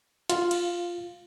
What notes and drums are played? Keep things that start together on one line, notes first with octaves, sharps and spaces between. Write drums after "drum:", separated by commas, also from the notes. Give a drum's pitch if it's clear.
F4, drum: hi-hat
drum: cymbal